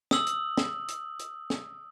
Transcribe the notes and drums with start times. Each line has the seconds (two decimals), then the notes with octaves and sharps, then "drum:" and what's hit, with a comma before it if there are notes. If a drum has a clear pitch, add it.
0.11 D#6 E6 F#7, drum: snare
0.27 drum: hi-hat
0.57 drum: snare
0.88 drum: hi-hat
1.19 drum: hi-hat
1.50 drum: snare